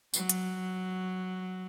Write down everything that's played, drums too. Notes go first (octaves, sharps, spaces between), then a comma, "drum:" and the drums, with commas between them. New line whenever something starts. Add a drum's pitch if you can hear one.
F#3, drum: tambourine
drum: hi-hat